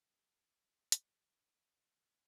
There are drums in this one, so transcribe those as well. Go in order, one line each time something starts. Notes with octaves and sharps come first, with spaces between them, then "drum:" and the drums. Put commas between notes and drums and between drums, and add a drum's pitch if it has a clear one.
G3 A#4
D#4
A#4
A#4
G#3 A#4, drum: hi-hat
F#4
A#4
F#4
A#4
A#4